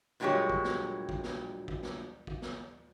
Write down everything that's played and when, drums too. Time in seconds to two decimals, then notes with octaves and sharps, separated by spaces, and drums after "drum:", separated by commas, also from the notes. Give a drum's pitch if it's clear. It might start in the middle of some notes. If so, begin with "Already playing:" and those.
0.20 G2 A#2 F#3 G#3 G4 C#5
0.50 drum: kick
0.64 drum: snare
1.09 drum: kick
1.24 drum: snare
1.68 drum: kick
1.83 drum: snare
2.27 drum: kick
2.42 drum: snare